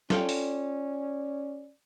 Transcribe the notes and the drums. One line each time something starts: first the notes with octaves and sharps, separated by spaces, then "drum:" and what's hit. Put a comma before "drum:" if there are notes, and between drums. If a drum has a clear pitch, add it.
C#4 F4 A4 D5 G5, drum: snare
drum: open hi-hat